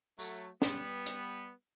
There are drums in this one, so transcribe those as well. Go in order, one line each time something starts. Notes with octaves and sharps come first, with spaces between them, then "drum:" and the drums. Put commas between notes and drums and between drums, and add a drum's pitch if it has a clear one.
F#3 A3, drum: tambourine
G3 B3, drum: snare
drum: hi-hat